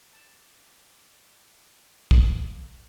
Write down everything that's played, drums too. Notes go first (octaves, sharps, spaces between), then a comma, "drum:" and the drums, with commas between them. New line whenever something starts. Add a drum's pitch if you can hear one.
G3 D4 A5 D6
A#3, drum: kick